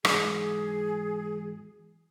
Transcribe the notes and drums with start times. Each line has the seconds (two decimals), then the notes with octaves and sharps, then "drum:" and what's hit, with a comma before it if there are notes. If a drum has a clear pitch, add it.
0.05 E2 G#2 F#3 G#4, drum: rim click